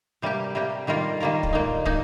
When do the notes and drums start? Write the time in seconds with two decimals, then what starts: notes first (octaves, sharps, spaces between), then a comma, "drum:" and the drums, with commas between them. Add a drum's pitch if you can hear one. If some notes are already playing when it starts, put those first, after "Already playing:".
0.22 C3 G3 A#3 G4
0.55 C3 G3 A#3 G4
0.87 D#3 G3 A#3 F4 A#4
1.20 D#3 G3 A#3 F4 A#4
1.43 drum: kick
1.53 A#2 A#3 D#4
1.85 A#2 A#3 D#4, drum: kick